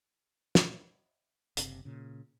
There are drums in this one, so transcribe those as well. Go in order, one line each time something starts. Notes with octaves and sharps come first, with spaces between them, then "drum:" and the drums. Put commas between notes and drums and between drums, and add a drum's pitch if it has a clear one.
drum: snare
F#1 C3, drum: hi-hat
A#2 C#3